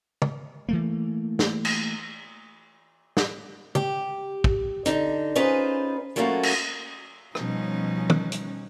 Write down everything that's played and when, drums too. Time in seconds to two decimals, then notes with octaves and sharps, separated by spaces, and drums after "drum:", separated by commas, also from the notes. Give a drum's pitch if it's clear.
0.22 drum: tom
0.69 E3 A3 A#3
1.39 drum: snare
1.65 drum: cymbal
3.17 drum: snare
3.75 G4, drum: tom
4.44 drum: kick
4.86 D3 D#4, drum: hi-hat
5.36 C#4 D#4 F4 G#4 B4 C5
6.16 F#3 A3 A#3 C#4 F4 F#4
6.43 drum: cymbal
7.35 B2 F3 G3 C#4 D#4, drum: rim click
8.10 drum: tom
8.32 drum: hi-hat